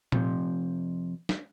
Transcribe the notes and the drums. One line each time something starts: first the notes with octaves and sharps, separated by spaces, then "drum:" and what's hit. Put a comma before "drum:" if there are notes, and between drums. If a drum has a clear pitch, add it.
F2 C3 F3, drum: tom A#2
drum: snare